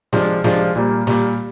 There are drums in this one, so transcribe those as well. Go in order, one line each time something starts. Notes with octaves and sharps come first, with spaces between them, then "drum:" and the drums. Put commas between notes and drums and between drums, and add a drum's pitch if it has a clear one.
C3 F3 G#3 D4 F4, drum: snare
C3 F3 G#3 D4 F4, drum: snare
A#2 G3 A#3
A#2 G3 A#3, drum: snare